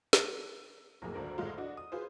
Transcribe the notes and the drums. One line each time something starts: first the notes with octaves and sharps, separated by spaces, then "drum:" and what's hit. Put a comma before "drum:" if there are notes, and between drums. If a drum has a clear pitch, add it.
drum: snare
B1 F2 A2 A#3 G#4
G#1 D2 D4 A#4
G#1 D2 A2 G#3 F4
D4 F#4 D#5
D#6
F4 G#4 B4 C5